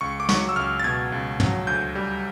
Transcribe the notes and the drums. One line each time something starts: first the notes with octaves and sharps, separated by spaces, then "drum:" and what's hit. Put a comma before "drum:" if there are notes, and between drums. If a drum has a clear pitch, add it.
C#2 C#6
D6
F#3 C#6, drum: snare
E6
C#2 F6
A6
B2 G#6
C#2
F#3, drum: tom
D2 G6
G3